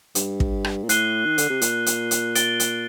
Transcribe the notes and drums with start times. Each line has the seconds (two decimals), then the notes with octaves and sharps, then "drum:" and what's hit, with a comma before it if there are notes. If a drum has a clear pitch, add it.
0.15 G2, drum: hi-hat
0.40 drum: kick
0.64 drum: rim click
0.84 A#2
0.89 A2 F#6 C7 D#7 G7, drum: hi-hat
1.25 D#3
1.38 D3, drum: hi-hat
1.49 C3
1.61 A#2, drum: hi-hat
1.86 drum: hi-hat
2.11 drum: hi-hat
2.35 A6 D7 G7, drum: hi-hat
2.60 drum: hi-hat